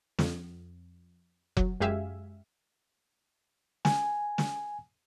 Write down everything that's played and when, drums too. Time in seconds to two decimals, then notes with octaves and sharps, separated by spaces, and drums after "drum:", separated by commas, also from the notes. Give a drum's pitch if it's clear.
0.19 F2, drum: snare
1.57 F#3, drum: kick F1
1.80 F#2 G#3 G4 E5 F5 G#5
3.85 G#5, drum: snare
4.38 drum: snare